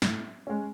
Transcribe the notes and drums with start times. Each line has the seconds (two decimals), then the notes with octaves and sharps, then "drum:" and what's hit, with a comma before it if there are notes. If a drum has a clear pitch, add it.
0.02 A2, drum: snare
0.47 G#3 C#4